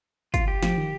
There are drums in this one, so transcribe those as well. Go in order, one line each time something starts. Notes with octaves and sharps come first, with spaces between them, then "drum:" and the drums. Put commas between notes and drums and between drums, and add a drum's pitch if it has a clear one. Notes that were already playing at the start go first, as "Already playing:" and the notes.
F4, drum: kick, hi-hat
G4
F3, drum: snare
D#3